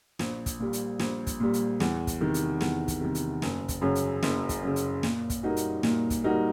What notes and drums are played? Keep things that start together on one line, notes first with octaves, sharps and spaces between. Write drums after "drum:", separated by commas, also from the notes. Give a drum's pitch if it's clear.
A#1, drum: snare
drum: kick, hi-hat
A#2 G3
drum: hi-hat
A#1, drum: snare
drum: kick, hi-hat
A#2 G3
drum: hi-hat
E2, drum: snare
drum: kick, hi-hat
C3 D#3
drum: hi-hat
E2, drum: snare
drum: kick, hi-hat
C3 D#3
drum: hi-hat
F#1, drum: snare
drum: kick, hi-hat
F#2 C#3
drum: hi-hat
F#1, drum: snare
drum: kick, hi-hat
F#2 C#3
drum: hi-hat
A#2, drum: snare
drum: kick, hi-hat
G3 A#3 D#4 F#4
drum: hi-hat
A#2, drum: snare
drum: kick, hi-hat
G3 A#3 D#4 F#4